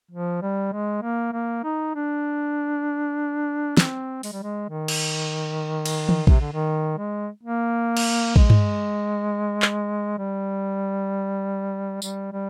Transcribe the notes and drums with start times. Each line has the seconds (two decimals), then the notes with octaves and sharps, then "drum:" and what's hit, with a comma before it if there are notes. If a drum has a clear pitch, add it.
0.11 F3
0.42 G3
0.72 G#3
1.03 A#3
1.33 A#3
1.64 D#4
1.95 D4
3.77 C4, drum: snare
4.23 G#3, drum: open hi-hat
4.32 G3
4.43 G#3
4.69 D#3
4.88 drum: cymbal
5.86 drum: cymbal
6.09 drum: tom E3
6.27 C3, drum: kick A#1
6.41 D3
6.53 D#3
6.98 G#3
7.43 A#3
7.97 drum: cymbal
8.36 G#3, drum: kick A#1
8.50 drum: tom G2
9.62 drum: clap
10.18 G3
12.02 G3, drum: tambourine
12.33 G3